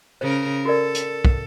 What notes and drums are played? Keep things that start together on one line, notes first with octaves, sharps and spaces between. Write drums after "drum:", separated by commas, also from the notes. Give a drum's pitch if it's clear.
C#3 A#4 C5
F#4 A4 A#4 D5
drum: hi-hat
drum: kick